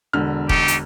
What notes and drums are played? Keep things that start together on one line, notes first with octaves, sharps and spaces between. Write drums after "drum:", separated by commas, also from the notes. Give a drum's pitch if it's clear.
E1 D3 F6
A3 D#4 G4, drum: kick F1
drum: hi-hat